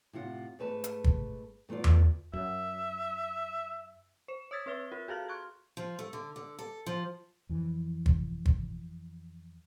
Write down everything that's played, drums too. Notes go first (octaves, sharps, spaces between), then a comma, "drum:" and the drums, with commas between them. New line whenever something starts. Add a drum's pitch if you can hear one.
A2 C3 F4 F#5
G#2 A3 B4 A5
drum: hi-hat
drum: kick
A#2 A3 B3 F4 D5
drum: tom E2
F#2 E5
C5 E7
C#5 D#6 E6 G#6 A6 B6
C4 B4 E5 A6 G7
F4 A#4
F#4 G#4 A4 F5 F6
C6 C#6 F#6 G#6
F3
A3
D3
D3
A4
F3
F2 E3
drum: kick
drum: kick